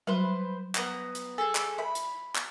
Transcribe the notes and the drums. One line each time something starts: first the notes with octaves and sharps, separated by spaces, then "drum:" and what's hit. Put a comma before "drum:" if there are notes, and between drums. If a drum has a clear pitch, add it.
F#3 G3 B4 C5
B3 A#5, drum: clap
drum: hi-hat
G#4 A4 G#5
drum: clap
E5 B5
drum: hi-hat
drum: clap